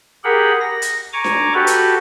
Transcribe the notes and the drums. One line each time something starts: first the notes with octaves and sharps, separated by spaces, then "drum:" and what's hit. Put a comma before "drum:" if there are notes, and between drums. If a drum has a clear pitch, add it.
G4 G#4 A#4 F#5 B5
A#6
drum: hi-hat
G#5 A#5 C#6 D6
drum: snare D4
F#4 G4 A4 B4
drum: hi-hat